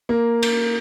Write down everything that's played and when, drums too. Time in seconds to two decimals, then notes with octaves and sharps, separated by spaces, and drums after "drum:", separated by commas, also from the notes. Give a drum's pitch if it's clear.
0.09 A#3
0.43 drum: cymbal